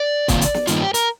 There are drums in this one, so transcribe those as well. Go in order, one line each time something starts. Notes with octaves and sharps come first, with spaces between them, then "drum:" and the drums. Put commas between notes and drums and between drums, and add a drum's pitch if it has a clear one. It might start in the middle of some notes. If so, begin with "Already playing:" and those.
Already playing: D5
C3 D#3 A#3 F4, drum: kick, hi-hat
drum: hi-hat
drum: snare
G2 D#3 A#3 D#4 F4, drum: hi-hat
G4
A#4, drum: hi-hat